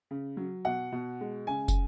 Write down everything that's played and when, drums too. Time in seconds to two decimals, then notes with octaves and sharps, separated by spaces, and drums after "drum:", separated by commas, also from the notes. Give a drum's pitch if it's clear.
0.11 C#3
0.37 F#3
0.65 B2 F#5
0.92 B2
1.21 G#3
1.47 C#3 G#5
1.68 drum: kick, tambourine